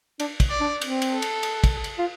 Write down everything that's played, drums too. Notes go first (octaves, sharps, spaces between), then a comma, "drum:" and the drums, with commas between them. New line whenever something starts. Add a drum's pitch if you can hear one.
D4, drum: cymbal
drum: kick, cymbal
D5
D4
C4, drum: cymbal
drum: cymbal
A4
drum: cymbal
drum: cymbal
drum: kick, cymbal
drum: cymbal
F4